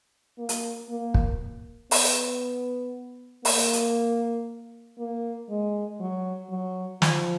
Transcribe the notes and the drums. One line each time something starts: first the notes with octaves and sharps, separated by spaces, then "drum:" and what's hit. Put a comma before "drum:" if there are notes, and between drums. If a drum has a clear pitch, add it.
A#3
drum: hi-hat
A#3
drum: kick
B3, drum: open hi-hat
A#3, drum: open hi-hat
drum: hi-hat
A#3
G#3
F#3
F#3
F3, drum: snare